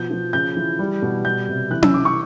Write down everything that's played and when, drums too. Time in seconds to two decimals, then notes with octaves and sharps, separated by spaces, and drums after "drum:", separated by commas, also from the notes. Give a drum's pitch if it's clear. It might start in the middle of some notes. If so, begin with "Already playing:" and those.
Already playing: B2 F3 G6
0.11 F3
0.33 C#3 G6
0.57 E3
0.79 G3
1.02 B2
1.25 G3 G6
1.48 C3
1.71 E3 F#6
1.82 E6, drum: tom C#4
1.94 E3 D6
2.05 C#6